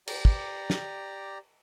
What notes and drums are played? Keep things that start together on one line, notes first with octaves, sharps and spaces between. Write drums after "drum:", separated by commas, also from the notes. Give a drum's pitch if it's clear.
G4 D5 A#5, drum: cymbal
drum: kick
drum: snare